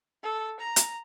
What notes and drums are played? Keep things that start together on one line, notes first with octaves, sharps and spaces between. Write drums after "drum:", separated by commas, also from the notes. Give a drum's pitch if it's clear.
A4
A#5
drum: hi-hat